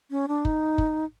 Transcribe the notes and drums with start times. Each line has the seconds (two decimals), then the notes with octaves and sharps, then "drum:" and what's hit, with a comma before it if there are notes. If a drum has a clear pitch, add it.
0.11 C#4
0.28 D4
0.45 D#4, drum: kick
0.78 drum: kick